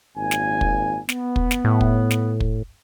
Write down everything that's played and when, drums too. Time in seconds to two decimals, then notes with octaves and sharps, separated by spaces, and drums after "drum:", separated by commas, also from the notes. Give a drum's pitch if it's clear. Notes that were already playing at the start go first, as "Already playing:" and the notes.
0.16 G#1 A#2 G#5
0.31 drum: snare
0.61 drum: kick
1.09 B3, drum: snare
1.36 drum: kick
1.51 drum: snare
1.65 A2
1.81 drum: kick
2.11 drum: snare
2.40 drum: kick